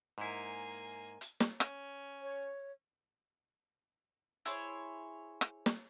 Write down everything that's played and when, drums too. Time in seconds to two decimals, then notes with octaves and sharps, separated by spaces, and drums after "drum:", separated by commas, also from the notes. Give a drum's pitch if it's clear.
0.18 G#2 A#3 E4 G#5
1.21 drum: hi-hat
1.40 drum: snare
1.60 C#4, drum: rim click
2.22 C#5
4.45 E4 G#4 C5 C#5, drum: hi-hat
5.41 drum: rim click
5.66 drum: snare